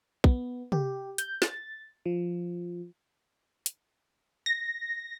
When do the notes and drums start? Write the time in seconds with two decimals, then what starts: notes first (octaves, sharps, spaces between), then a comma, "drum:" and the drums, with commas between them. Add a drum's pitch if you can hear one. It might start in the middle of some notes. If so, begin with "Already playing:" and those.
0.24 B3, drum: kick
0.72 G4, drum: tom
1.18 G6, drum: hi-hat
1.42 A6, drum: snare
2.06 F3
3.66 drum: hi-hat
4.46 A#6